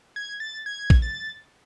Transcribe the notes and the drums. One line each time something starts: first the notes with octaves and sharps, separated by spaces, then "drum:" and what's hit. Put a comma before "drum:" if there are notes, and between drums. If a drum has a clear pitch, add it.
G#6
A6
G#6
drum: kick
A6